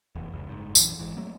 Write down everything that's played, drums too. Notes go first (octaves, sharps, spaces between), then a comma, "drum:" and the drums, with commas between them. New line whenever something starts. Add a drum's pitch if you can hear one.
F1 E2
F1 C#2
F#1 G#2
A#1 F#2 E3, drum: tambourine
G#1 G#2 E3
F#3 A3 A#3